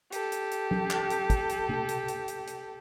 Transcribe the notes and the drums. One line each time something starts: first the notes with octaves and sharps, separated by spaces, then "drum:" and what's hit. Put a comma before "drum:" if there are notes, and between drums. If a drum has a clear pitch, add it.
G4 A4, drum: hi-hat
drum: hi-hat
drum: hi-hat
drum: tom F#3
drum: clap
drum: hi-hat
drum: kick, hi-hat
drum: hi-hat
drum: tom C3
drum: hi-hat
drum: hi-hat
drum: hi-hat
drum: hi-hat